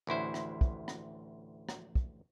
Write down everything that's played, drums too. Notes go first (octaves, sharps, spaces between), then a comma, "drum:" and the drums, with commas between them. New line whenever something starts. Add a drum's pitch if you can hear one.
A1 D2 E4 C5
drum: rim click
drum: kick
drum: rim click
drum: rim click
drum: kick